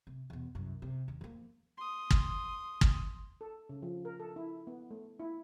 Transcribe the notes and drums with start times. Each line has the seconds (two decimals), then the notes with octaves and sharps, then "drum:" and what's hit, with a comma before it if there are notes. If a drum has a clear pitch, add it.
0.07 C3
0.30 E2 B2
0.55 C2 F#2
0.82 C3
1.08 D#2
1.21 F3 A#3
1.77 C6 D#6
2.11 drum: kick
2.81 drum: kick
3.41 A4
3.69 C#3
3.83 F3
4.05 A#4
4.20 A4
4.36 E4
4.67 B3
4.91 A3
5.20 E4